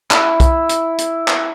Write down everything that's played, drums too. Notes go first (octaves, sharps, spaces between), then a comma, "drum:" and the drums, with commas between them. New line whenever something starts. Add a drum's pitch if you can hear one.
E4, drum: clap
drum: kick B1, hi-hat
drum: hi-hat
drum: hi-hat
drum: clap